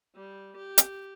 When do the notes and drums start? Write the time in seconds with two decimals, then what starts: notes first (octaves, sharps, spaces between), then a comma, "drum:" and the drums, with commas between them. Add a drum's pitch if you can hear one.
0.16 G3
0.57 G4
0.78 drum: hi-hat